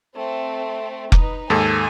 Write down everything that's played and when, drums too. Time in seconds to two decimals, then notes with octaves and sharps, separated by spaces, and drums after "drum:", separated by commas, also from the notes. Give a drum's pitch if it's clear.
0.14 A3 C4
1.12 D#4 B4, drum: kick F1
1.50 D#2 G#2 A4 G#5